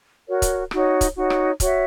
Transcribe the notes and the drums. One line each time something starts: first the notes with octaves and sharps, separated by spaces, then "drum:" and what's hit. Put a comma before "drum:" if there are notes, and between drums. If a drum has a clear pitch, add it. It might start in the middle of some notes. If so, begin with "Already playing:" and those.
F#4 A#4 C#5
drum: kick C#1, hi-hat
D#4 F#4 C#5, drum: rim click
drum: kick C#1, hi-hat
D#4 F#4 C#5
drum: rim click
F#4 C#5 E5, drum: kick C#1, hi-hat